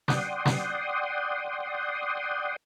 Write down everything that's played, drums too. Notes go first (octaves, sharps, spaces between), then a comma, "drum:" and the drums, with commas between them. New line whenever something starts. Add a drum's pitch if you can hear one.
D5 F#5 G5 C6 D#6, drum: snare
drum: snare